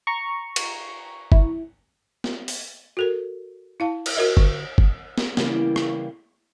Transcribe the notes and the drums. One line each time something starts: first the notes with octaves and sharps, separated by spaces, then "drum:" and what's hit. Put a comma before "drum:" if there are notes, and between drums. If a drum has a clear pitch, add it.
A#5 C#6
drum: cymbal
E4, drum: kick G1
drum: snare
drum: open hi-hat
F#4 A4 A#4
E4 F5 A5
drum: cymbal
F#4 A#4 D#5 E5
D3, drum: kick G1
drum: kick G1
drum: snare
C#3 E3 G3 A#3, drum: snare
drum: rim click